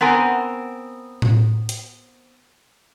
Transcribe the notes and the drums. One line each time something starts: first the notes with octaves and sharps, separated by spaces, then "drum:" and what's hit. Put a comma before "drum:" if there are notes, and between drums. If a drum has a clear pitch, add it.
B3 C4 A#4 G#5
drum: tom A2
drum: hi-hat